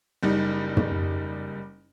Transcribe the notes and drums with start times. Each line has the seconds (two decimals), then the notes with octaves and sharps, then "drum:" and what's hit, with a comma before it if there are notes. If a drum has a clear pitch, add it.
0.23 F#1 G3 D#4
0.77 drum: tom